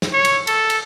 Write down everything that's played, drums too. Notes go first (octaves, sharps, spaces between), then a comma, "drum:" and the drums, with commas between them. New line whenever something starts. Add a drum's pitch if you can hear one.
drum: snare
C#5
drum: cymbal
A4, drum: cymbal
drum: cymbal